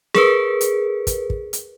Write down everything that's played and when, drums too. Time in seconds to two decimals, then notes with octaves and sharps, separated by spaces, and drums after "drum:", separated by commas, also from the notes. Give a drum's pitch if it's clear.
0.14 G#4 A#4 B4, drum: snare
0.61 drum: hi-hat
1.07 drum: kick, hi-hat
1.30 drum: kick
1.53 drum: hi-hat